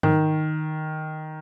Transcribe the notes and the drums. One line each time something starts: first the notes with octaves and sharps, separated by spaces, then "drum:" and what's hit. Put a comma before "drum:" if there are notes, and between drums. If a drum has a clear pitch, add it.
D#3, drum: tom G#2